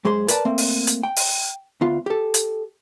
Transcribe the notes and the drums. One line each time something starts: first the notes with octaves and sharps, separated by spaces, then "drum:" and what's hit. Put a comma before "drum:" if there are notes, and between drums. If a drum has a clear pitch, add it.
F#2 G#3 G#4 C5 C6
A#4 B4 D5 G#5 A5, drum: hi-hat
A3 A#3 C4
drum: open hi-hat
drum: hi-hat
G5
drum: open hi-hat
D2 B3 F4
G4 A4
drum: hi-hat